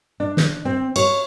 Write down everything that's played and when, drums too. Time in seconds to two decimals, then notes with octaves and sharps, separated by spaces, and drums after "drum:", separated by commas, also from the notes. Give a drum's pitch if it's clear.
0.20 D4
0.37 drum: snare
0.65 C4
0.96 C#5, drum: cymbal